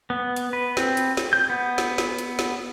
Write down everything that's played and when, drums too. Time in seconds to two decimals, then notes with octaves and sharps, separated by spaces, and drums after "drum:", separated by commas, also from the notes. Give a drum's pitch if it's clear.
0.10 B3
0.36 drum: hi-hat
0.53 B4
0.77 C4, drum: snare
0.97 drum: hi-hat
1.17 drum: snare
1.33 G6
1.50 B3
1.78 drum: snare
1.98 drum: snare
2.19 drum: hi-hat
2.39 drum: snare